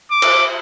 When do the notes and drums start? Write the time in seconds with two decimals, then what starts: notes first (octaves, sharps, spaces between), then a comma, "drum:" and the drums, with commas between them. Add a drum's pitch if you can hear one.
0.11 D6
0.22 drum: cymbal